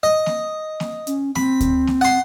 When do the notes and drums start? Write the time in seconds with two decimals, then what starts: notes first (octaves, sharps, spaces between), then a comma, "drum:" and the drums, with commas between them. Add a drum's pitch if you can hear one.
0.03 D#5
0.26 drum: snare A#3
0.80 drum: snare A#3
1.07 C#4, drum: hi-hat
1.36 C4 B5, drum: snare A#3
1.60 drum: kick D2, hi-hat
1.87 drum: snare A#3
2.01 F#5 C6